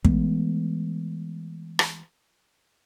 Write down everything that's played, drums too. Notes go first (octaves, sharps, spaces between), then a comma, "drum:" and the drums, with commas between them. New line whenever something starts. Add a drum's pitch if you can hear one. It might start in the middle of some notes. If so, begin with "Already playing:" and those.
E3 G#3 A3 B3, drum: kick
drum: rim click